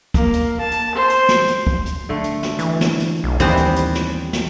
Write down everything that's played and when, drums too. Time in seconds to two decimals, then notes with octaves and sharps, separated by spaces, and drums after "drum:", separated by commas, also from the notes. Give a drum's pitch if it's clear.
0.14 A#3, drum: kick, hi-hat
0.33 drum: hi-hat
0.60 A5
0.71 drum: hi-hat
0.95 C5
1.10 drum: hi-hat
1.29 drum: snare
1.48 drum: hi-hat
1.67 drum: kick
1.86 drum: hi-hat
2.09 D3 A3
2.24 drum: hi-hat
2.43 drum: snare
2.59 E3, drum: hi-hat
2.81 drum: snare
3.00 drum: hi-hat
3.24 B1
3.40 D#2 E3 G3 B3 C4 C5, drum: hi-hat
3.57 drum: hi-hat
3.76 drum: hi-hat
3.95 drum: snare
4.33 drum: snare